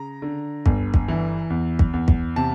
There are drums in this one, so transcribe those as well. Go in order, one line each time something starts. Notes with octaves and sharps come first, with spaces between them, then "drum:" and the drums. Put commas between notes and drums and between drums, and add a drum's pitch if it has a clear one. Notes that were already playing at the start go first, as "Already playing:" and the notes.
Already playing: C#3 A#5
D3
G1, drum: kick
drum: kick
E3
E2
drum: kick
E2
drum: kick
C3 A5